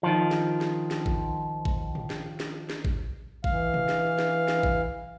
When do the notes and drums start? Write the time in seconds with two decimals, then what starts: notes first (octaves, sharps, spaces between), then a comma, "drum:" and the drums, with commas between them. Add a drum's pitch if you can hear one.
0.03 D#3 F3
0.31 drum: snare
0.61 drum: snare
0.91 drum: snare
1.06 drum: kick A1
1.65 drum: kick A1
1.95 drum: tom
2.10 drum: snare
2.40 drum: snare
2.70 drum: snare
2.85 drum: kick A1
3.44 E3 F5, drum: kick A1
3.74 drum: tom
3.89 drum: snare
4.19 drum: snare
4.48 drum: snare
4.63 drum: kick A1